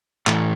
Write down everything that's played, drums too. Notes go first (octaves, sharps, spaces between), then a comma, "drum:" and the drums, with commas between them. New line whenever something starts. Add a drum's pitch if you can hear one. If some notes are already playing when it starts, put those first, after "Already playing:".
A2 E3 A3, drum: clap